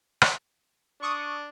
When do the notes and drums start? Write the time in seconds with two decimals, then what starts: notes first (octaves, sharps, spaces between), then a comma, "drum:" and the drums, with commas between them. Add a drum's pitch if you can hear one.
0.22 drum: rim click
1.02 D4 C#6 D#6